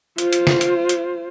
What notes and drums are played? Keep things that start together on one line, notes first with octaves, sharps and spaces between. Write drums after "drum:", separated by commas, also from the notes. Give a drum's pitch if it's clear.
F4 C5, drum: hi-hat
drum: hi-hat
drum: snare
drum: hi-hat
drum: hi-hat